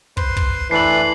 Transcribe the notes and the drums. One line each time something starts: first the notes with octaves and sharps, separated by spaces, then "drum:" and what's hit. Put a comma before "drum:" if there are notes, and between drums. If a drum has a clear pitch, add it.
B4 C5 C6, drum: kick
drum: kick
E3 A3 D4 B4 C7 F#7